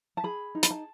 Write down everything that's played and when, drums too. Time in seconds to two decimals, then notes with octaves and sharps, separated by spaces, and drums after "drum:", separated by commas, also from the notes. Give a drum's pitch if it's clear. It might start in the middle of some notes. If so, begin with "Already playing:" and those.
0.17 A5
0.24 G#4 B5
0.55 D#4
0.63 B5, drum: hi-hat
0.71 A5